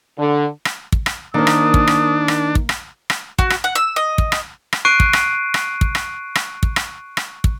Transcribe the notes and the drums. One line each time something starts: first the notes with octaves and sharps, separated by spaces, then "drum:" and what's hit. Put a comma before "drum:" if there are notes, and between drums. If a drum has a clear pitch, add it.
D3
drum: rim click
drum: kick
drum: rim click
D#3 A#3 D4 C5 D#6
drum: rim click
drum: kick
drum: rim click
drum: rim click
drum: kick
drum: rim click
drum: rim click
F#4, drum: kick
drum: rim click
F#5
E6
D#5
drum: kick
drum: rim click
drum: rim click
C#6 F#6 C7 D7 D#7
drum: kick
drum: rim click
drum: rim click
drum: kick
drum: rim click
drum: rim click
drum: kick
drum: rim click
drum: rim click
drum: kick